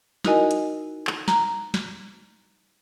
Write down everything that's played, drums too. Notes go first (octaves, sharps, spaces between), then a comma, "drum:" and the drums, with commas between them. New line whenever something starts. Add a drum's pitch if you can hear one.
D#4 E4 F#4 A#4 D#5 G#5, drum: snare
drum: hi-hat
drum: clap
A#5, drum: snare
drum: snare